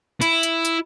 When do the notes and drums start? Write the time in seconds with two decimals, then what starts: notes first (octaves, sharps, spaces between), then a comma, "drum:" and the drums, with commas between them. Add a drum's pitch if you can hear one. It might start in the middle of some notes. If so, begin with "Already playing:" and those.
0.22 E4, drum: hi-hat
0.43 drum: hi-hat
0.65 drum: hi-hat